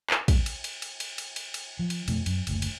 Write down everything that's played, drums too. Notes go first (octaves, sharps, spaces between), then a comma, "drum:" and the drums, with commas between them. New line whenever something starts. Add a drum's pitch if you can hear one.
drum: clap
drum: kick, cymbal
drum: cymbal
drum: cymbal
drum: cymbal
drum: cymbal
drum: cymbal
drum: cymbal
drum: cymbal
F3
drum: cymbal
F2 B2 A3, drum: cymbal
F#2, drum: cymbal
F#1 D2, drum: cymbal
drum: cymbal